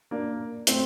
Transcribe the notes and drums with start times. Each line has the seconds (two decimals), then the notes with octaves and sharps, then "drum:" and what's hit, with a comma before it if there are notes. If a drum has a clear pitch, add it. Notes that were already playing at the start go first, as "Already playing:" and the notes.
0.11 A#3 D4
0.67 A3 C4, drum: hi-hat